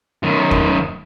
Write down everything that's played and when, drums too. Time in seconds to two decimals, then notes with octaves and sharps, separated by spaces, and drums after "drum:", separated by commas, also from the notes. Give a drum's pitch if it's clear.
0.23 F#2 D#3
0.51 drum: kick